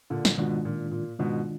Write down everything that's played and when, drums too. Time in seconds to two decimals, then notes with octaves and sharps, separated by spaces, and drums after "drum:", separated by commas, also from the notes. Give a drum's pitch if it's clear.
0.10 A#2 D3
0.25 drum: snare
0.37 G#2 B2 D#3 G#3 D4 F4
0.65 A#2
0.92 A#2
1.19 G#2 B2 D#3 G#3 D4 F4